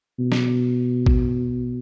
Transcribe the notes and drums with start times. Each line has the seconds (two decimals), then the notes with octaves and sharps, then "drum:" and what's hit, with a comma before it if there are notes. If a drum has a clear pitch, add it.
0.19 B2
0.32 drum: snare
1.06 drum: kick